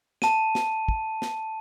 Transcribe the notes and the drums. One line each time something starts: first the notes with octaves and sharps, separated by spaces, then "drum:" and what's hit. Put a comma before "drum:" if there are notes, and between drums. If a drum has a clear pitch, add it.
A5 D#7, drum: snare
drum: snare
drum: kick
drum: snare